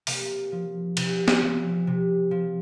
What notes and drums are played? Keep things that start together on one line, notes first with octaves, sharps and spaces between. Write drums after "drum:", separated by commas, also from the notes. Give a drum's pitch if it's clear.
C3 A#3, drum: open hi-hat
F3
C3, drum: cymbal
drum: snare B3
F3
C3
F3